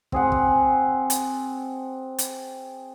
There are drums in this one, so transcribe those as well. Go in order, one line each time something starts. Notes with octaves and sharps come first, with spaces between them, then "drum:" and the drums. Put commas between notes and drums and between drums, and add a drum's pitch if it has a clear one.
C4 G#4 F#5, drum: kick
drum: kick
drum: hi-hat
drum: hi-hat